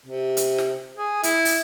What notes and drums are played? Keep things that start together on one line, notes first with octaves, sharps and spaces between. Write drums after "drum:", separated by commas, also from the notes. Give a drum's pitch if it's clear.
C3
drum: hi-hat
drum: snare
G#4
E4, drum: hi-hat
drum: open hi-hat